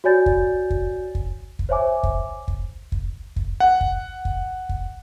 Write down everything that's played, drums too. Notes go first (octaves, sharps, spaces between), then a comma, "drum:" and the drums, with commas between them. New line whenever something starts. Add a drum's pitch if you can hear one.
F#4 C#5 D5 G#5 G6 A6
drum: kick
drum: kick
drum: kick
drum: kick
C5 C#5 E5 G#5 D6
drum: kick
drum: kick
drum: kick
drum: kick
F#5
drum: kick
drum: kick
drum: kick